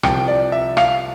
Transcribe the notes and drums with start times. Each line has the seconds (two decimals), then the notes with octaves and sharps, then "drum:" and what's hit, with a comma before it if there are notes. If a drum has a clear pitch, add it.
0.03 C2 C3 F3 G5, drum: rim click
0.28 D5
0.52 E5
0.77 F5, drum: rim click